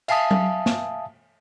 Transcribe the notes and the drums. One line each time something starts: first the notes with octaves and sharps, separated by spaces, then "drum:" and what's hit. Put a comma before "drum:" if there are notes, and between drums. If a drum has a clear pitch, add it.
E5 F5 G#5 A5 D#6, drum: cymbal
drum: tom F#3
drum: snare